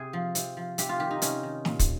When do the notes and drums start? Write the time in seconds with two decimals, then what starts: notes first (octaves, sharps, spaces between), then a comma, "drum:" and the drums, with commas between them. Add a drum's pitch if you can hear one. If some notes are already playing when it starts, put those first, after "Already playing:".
Already playing: C3 G#4
0.13 F3
0.35 C3, drum: hi-hat
0.57 F3
0.78 C3 G4, drum: hi-hat
0.89 F4
1.00 D#3 G4
1.11 D#4
1.22 C3 C#4, drum: hi-hat
1.43 D#3
1.65 A#2, drum: snare
1.79 drum: kick, hi-hat